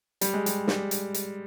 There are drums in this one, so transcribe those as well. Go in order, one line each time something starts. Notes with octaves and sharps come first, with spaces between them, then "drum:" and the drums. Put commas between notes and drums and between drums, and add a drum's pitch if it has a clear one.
G3, drum: hi-hat
G#3
G3, drum: hi-hat
G3, drum: snare
drum: hi-hat
drum: hi-hat